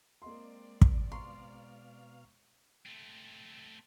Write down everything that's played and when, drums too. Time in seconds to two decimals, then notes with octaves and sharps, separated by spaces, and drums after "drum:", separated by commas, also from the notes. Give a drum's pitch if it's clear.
0.22 G#3 A#3 C4 D5 D#5 C6
0.81 drum: kick
1.12 B2 F5 A#5 C6 C#6
2.86 A3 C4